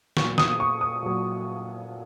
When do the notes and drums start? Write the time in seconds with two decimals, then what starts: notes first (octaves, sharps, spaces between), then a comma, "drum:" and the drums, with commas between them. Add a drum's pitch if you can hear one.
0.17 A#2 F#3 C#6, drum: snare
0.38 D#6, drum: snare
0.60 C#6
0.81 D#6
1.02 A#2 F#3